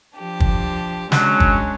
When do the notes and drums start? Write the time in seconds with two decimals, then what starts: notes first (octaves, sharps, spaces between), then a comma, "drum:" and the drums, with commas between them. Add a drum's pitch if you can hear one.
0.19 F3 D4 G4
0.40 drum: kick
1.12 F#3 G#3 C#4 D4, drum: snare
1.40 drum: kick